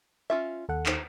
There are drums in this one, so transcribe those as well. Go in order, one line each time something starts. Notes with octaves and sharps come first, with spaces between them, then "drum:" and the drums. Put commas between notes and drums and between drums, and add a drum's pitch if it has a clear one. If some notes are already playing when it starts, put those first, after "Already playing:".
C#4 F4 E5
D#2 A4 F#5
D#4 C5, drum: clap